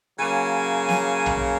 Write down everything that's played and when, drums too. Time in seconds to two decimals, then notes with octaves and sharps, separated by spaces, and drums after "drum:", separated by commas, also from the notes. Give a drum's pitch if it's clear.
0.19 C#3 F#3 A#3 G#5
0.89 drum: snare
1.26 drum: tom A#1